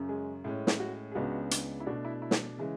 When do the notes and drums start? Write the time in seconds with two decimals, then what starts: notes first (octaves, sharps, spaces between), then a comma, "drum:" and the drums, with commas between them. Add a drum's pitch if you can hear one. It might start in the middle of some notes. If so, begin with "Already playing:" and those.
Already playing: F#2 C#3 C#4
0.09 G#3 G#4
0.44 A2 G#3 C#4
0.67 drum: snare
0.80 F#4
1.12 G#4
1.15 C#2 C#3 G#3 B3 D4 F#4
1.51 drum: hi-hat
1.80 E4
1.86 B2 A3 D4 F#4
2.05 E4
2.22 E4
2.31 drum: snare
2.58 C#3 E3 G#3